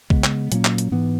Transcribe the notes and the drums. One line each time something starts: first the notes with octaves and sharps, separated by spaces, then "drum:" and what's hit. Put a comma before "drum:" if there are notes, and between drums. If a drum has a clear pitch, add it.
C#3 G#3 B3, drum: kick
drum: clap
A#2 F#3 A#3 C#4, drum: hi-hat
drum: clap
drum: hi-hat
G#2 E3 B3